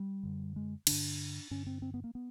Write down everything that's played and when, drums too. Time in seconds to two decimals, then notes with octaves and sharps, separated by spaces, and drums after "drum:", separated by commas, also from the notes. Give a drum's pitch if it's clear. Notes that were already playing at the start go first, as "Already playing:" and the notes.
Already playing: G3
0.23 F#2 D3
0.56 G#3
0.87 G2 D3 D4, drum: cymbal
1.51 G2 D3 C#4
1.67 C4
1.82 C4
1.94 B3
2.04 A#3
2.15 B3